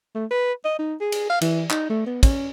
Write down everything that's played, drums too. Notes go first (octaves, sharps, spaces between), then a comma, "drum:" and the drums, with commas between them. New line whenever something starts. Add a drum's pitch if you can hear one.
A3
B4
D#5
D#4
G#4
drum: cymbal
F5
E3, drum: cymbal
D#4, drum: clap
A3
B3
C#4, drum: kick, cymbal